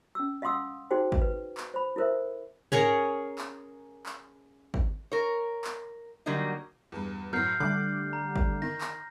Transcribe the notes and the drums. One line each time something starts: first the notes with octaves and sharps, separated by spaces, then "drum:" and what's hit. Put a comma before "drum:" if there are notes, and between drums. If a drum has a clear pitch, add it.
C#4 E6
D#5 F5 F#5 C6 D#6 E6
D#4 F#4 G#4 C5 G5
drum: kick
B4
drum: clap
C5 B5
E4 A4 A#4 C5 E5
C#4 G#4 A#4 C#5, drum: tom G#2
drum: clap
drum: clap
drum: kick
A#4 C#5
drum: clap
D3 F#3 G3 A#3 D#4
E2 G2
A2 F#3 F6 G6 C7
D3 G3 A3 D6 F#6
A#5
drum: kick
D#3 A#6
drum: clap